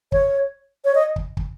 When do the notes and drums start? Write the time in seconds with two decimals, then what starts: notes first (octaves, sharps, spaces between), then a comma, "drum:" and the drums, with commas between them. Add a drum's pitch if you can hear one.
0.12 C#5, drum: kick
0.84 C#5
0.95 D#5
1.16 drum: kick
1.37 drum: kick